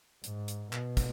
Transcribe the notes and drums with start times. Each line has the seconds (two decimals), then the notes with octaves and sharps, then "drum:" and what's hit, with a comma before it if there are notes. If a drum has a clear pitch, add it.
0.24 G#2, drum: hi-hat
0.48 drum: hi-hat
0.73 B2, drum: clap
0.97 drum: kick, hi-hat